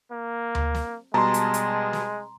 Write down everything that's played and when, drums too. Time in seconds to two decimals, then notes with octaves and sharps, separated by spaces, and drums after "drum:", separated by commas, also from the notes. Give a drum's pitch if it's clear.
0.11 A#3
0.55 drum: tom D2
0.75 drum: snare
1.14 B2 G3 G#3 A5 A#5 C6
1.34 drum: hi-hat
1.54 drum: hi-hat
1.93 drum: snare